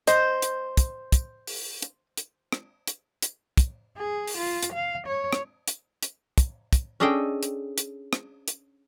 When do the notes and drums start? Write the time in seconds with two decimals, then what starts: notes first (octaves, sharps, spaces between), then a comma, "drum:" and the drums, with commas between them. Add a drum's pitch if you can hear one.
0.07 C5 D#5, drum: hi-hat
0.42 drum: hi-hat
0.77 drum: kick, hi-hat
1.12 drum: kick, hi-hat
1.47 drum: open hi-hat
1.82 drum: hi-hat
2.17 drum: hi-hat
2.52 drum: rim click
2.87 drum: hi-hat
3.22 drum: hi-hat
3.57 drum: kick, hi-hat
3.97 G#4
4.28 drum: open hi-hat
4.38 F4
4.63 drum: hi-hat
4.73 F5
5.07 C#5
5.33 drum: rim click
5.68 drum: hi-hat
6.03 drum: hi-hat
6.38 drum: kick, hi-hat
6.73 drum: kick, hi-hat
7.00 C#4 D4 G#4 A4 D#5 G5
7.43 drum: hi-hat
7.78 drum: hi-hat
8.13 drum: rim click
8.48 drum: hi-hat